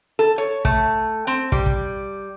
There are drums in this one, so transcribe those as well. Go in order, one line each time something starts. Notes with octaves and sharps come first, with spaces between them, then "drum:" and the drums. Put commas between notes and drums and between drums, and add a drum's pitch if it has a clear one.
A4
C#5
A3, drum: kick
C4
G3, drum: kick
drum: kick